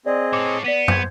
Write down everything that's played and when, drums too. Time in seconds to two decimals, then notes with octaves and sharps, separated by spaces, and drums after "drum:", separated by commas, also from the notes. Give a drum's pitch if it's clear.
0.06 C4 G#4 D5 D#5
0.33 A4 C#5 D6
0.64 B3 D5 B6 D#7
0.88 C5 G6 G#6, drum: tom